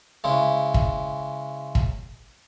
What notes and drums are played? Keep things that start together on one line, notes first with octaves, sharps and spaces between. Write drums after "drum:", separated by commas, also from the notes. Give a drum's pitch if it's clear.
C#3 G#3 E4
drum: kick
drum: kick